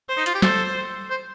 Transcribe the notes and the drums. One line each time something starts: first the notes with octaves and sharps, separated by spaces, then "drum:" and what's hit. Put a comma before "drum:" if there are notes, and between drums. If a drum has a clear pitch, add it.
C5
D#4
F4, drum: hi-hat
G4
A4 C5, drum: snare
C5